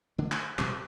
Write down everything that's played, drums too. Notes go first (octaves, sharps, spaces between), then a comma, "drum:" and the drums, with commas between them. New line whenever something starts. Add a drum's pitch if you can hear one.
D3 A3 D4
drum: clap
B2 G3 C4, drum: clap